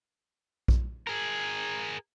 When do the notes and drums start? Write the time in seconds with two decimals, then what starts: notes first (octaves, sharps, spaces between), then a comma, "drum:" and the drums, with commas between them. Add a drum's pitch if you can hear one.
0.68 drum: kick A#1
1.07 G#4 A#4